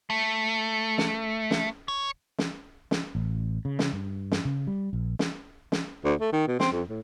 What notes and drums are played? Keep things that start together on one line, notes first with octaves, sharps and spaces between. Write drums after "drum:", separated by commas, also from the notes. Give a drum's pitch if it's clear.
A3
drum: snare
drum: snare
C#5
drum: snare
drum: snare
A1
C#3
drum: snare
G2
drum: snare
C#3
G3
A#1
drum: snare
drum: snare
D2
A3
D#3
B2
C4, drum: snare
F2
A2